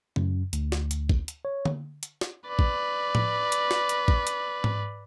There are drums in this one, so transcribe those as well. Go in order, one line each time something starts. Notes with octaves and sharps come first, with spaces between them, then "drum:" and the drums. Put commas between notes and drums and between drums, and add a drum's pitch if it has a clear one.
F#2, drum: tom C#3
D2, drum: hi-hat
drum: snare
drum: hi-hat
drum: kick
drum: hi-hat
C#5
drum: tom D3
drum: hi-hat
drum: snare
B4 D5
drum: kick
drum: tom A2
drum: hi-hat
drum: snare
drum: hi-hat
drum: kick
drum: hi-hat
drum: tom G#2